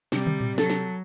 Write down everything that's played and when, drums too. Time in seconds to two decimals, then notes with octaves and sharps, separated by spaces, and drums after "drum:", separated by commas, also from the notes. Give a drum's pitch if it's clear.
0.12 C3 G3, drum: snare
0.26 drum: tom
0.41 drum: tom A2
0.58 F#3 A4, drum: snare
0.70 drum: snare